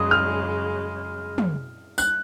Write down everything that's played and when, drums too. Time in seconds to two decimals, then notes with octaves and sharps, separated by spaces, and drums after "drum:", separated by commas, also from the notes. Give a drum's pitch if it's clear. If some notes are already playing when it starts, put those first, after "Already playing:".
Already playing: F#2 C#3 G#3 D#6
0.11 F6
1.38 drum: tom
1.98 F#6, drum: tambourine